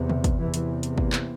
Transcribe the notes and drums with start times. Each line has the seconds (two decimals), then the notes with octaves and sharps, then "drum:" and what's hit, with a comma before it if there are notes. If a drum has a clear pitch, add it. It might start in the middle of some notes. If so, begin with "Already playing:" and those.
Already playing: E2 C3
0.10 drum: tom
0.24 drum: kick, hi-hat
0.39 E2 C3 E3
0.54 drum: hi-hat
0.83 drum: hi-hat
0.98 A#3, drum: kick
1.13 drum: clap